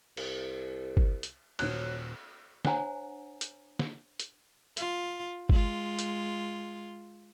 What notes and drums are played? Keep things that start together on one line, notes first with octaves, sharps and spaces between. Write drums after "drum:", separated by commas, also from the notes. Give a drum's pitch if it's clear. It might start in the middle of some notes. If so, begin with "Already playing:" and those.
C2, drum: cymbal
drum: kick G1
drum: hi-hat
D#1 F#3 F#6, drum: cymbal
D4 C5 C#5 F#5 G#5 A#5, drum: snare
drum: hi-hat
drum: snare
drum: hi-hat
F4, drum: hi-hat
G#3 F4, drum: kick G1
drum: hi-hat